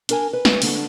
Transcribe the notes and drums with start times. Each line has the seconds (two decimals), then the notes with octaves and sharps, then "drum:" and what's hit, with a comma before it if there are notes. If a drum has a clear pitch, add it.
0.09 D4 A#4 G#5, drum: hi-hat
0.33 B4
0.45 drum: snare
0.62 D3 B3 D4, drum: open hi-hat